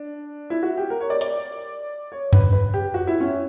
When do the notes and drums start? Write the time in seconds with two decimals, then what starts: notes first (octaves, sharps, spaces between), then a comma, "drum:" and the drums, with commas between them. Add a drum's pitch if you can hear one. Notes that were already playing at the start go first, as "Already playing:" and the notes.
Already playing: D4
0.50 E4
0.63 F#4
0.77 G4
0.90 A#4
1.00 C#5
1.10 D5
1.21 D5, drum: hi-hat
2.12 C#5
2.33 B4, drum: tom F2
2.53 B4
2.74 G4
2.94 F#4
3.07 E4
3.20 C#4